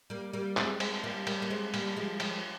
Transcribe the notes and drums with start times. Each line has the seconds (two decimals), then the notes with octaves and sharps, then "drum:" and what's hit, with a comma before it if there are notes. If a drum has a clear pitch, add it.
0.10 G3 A#3
0.33 G3 A#3
0.57 G#3 C4, drum: clap
0.80 G#3 C4, drum: cymbal
1.04 G3 A#3
1.27 G3 A#3, drum: cymbal
1.42 A#3
1.50 G#3 C4
1.74 G3 A#3, drum: cymbal
1.96 F3 G#3
2.20 F3 G#3, drum: cymbal